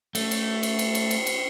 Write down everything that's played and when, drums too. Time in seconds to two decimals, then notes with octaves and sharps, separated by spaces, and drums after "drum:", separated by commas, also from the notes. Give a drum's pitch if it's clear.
0.15 A3, drum: cymbal
0.31 drum: cymbal
0.63 drum: cymbal
0.79 drum: cymbal
0.95 drum: cymbal
1.11 drum: cymbal
1.26 drum: cymbal